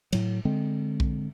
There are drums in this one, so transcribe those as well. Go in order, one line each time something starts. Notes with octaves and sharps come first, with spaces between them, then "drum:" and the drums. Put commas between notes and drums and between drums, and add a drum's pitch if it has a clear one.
A2 F#3, drum: cymbal
D3 G#3 C4
drum: kick B1